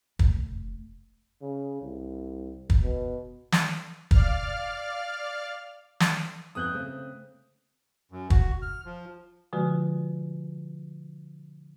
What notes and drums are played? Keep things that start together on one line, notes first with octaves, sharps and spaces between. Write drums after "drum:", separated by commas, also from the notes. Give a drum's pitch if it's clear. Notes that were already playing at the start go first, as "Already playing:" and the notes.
F1, drum: kick
C#3
C2
drum: kick
B2
drum: snare
D5 F5 F6, drum: kick
drum: snare
F2 B2 C4 D#6 F#6 G6
C#3 A3 C4
F#2
F#4, drum: kick
F6
F3
B2 D3 F3 G#3 F4 F#4